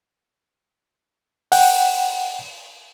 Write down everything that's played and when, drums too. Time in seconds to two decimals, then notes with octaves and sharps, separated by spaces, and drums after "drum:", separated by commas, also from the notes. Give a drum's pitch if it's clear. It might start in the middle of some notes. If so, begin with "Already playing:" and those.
1.52 F#5 G5, drum: open hi-hat